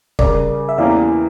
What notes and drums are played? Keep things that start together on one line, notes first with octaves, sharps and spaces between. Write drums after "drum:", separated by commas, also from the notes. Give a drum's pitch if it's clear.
C#3 G3 C#4 A#4 D5, drum: kick
E5
E2 E3 A#3 C#4 G4 D5 F5